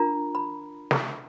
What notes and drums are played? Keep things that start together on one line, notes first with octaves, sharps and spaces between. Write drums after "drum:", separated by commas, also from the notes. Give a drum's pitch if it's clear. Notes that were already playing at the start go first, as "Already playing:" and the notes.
Already playing: D4 F4 A#4 A#5
B5
drum: snare